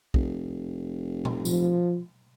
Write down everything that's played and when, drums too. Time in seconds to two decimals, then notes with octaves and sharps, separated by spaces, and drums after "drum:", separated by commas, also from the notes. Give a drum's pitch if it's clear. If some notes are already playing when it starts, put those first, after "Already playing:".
0.14 F1, drum: kick
1.25 drum: tom A#2
1.45 F3, drum: tambourine